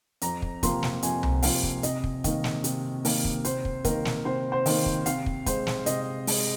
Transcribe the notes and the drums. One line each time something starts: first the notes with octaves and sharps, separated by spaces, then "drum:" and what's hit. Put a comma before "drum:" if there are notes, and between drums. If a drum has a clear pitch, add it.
F2 A#5, drum: hi-hat
drum: kick
C3 F3 A#3 C6, drum: kick, hi-hat
drum: snare
F2 G#5, drum: hi-hat
drum: tom C2
C3 F3 A#3 F5, drum: open hi-hat
drum: kick
C3 D#5, drum: hi-hat
drum: kick
D#3 A#3, drum: kick, hi-hat
drum: snare
C3, drum: hi-hat
D#3 A#3, drum: open hi-hat
drum: kick
C3 C5, drum: hi-hat
drum: kick
D#3 A#3 A#4, drum: kick, hi-hat
drum: snare
C3 C5
C5
D#3 A#3, drum: open hi-hat
drum: kick
C3 F5, drum: hi-hat
drum: kick
G#3 C5, drum: kick, hi-hat
drum: snare
C3 D#5, drum: hi-hat
G#3, drum: open hi-hat